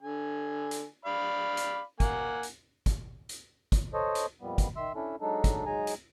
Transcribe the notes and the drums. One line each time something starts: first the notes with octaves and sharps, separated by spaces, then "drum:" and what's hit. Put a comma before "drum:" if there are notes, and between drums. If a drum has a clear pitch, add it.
D3 G#5
drum: hi-hat
D5 F5 B5
drum: hi-hat
A#3 F#5 G#5, drum: kick, hi-hat
drum: hi-hat
drum: kick, hi-hat
drum: hi-hat
drum: kick, hi-hat
A4 C5 C#5 D#5
drum: hi-hat
F2 A#2 G3 B3
drum: kick, hi-hat
D#3 E5 C6 E6
C#4 D4 E4 A4
F#3 G#3 D4 D#4 A4
drum: kick, hi-hat
F#3 G#3 D#4 G#4 G#5 A#5
drum: hi-hat